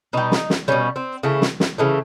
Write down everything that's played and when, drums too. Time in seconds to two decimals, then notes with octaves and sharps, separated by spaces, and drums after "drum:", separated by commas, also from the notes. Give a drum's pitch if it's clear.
0.13 B2 G3 D#4
0.32 drum: snare
0.50 drum: snare
0.68 B2 G3 C#4
0.96 C4
1.23 C#3 E3 A3
1.42 drum: snare
1.60 drum: snare
1.78 C#3 E3 A3